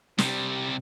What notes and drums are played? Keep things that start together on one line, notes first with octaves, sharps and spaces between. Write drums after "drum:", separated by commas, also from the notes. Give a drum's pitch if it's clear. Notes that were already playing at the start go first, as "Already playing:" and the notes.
C3 G3, drum: snare